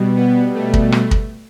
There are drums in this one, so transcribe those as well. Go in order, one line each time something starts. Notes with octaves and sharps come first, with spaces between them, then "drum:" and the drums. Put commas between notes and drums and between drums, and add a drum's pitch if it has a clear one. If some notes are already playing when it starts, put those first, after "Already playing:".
Already playing: B2 G3
B3
A3
drum: kick
drum: rim click
drum: kick